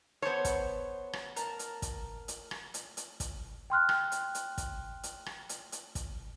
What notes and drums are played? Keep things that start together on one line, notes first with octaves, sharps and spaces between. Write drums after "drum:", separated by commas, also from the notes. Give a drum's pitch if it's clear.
B3 A4 C5 C#5
drum: kick, hi-hat
drum: rim click
A#4 A5, drum: hi-hat
drum: hi-hat
drum: kick, hi-hat
drum: hi-hat
drum: rim click
drum: hi-hat
drum: hi-hat
drum: kick, hi-hat
G5 C6 F6 F#6
drum: rim click
drum: hi-hat
drum: hi-hat
drum: kick, hi-hat
drum: hi-hat
drum: rim click
drum: hi-hat
drum: hi-hat
drum: kick, hi-hat